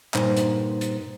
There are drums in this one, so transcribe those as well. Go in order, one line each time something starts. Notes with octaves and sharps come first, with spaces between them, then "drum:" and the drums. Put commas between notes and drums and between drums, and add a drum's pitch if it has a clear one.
G2 A#2 D#4 C5, drum: clap
drum: hi-hat
drum: hi-hat